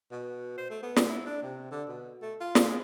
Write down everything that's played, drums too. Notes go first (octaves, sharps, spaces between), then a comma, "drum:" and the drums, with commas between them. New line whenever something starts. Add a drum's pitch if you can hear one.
B2
C5
A3
B3
drum: snare
E4
D4
C3
D3
B2
A3
F4
drum: snare
G#3